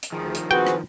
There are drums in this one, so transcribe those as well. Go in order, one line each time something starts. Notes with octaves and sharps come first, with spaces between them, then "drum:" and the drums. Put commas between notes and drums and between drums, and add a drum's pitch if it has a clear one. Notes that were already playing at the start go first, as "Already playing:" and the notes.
drum: hi-hat
D2 D#3 F3 G#4
drum: hi-hat
C4 F#4 G#4 B4 G5
drum: rim click